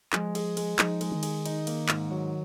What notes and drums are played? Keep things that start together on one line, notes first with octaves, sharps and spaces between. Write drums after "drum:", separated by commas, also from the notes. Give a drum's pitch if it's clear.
F3 G#3, drum: clap
G#4, drum: cymbal
G#3, drum: cymbal
F3 D#4, drum: clap
G#3, drum: cymbal
D#3
G#4, drum: cymbal
D#4, drum: cymbal
A#3, drum: cymbal
G#2, drum: clap
F#3